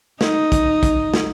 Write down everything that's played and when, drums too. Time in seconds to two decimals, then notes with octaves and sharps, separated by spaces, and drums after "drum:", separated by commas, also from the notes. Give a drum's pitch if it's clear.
0.21 D#4, drum: snare
0.52 drum: kick, hi-hat
0.83 drum: kick, hi-hat
1.14 drum: snare